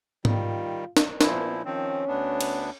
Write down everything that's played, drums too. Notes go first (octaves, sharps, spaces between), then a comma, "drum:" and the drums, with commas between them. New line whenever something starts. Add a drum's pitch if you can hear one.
D#3 G3 F4, drum: tom G#2
drum: snare
A#2 F3 B3 E4, drum: snare
D#3 F3 C4 C#4
D2 B3 D4
drum: cymbal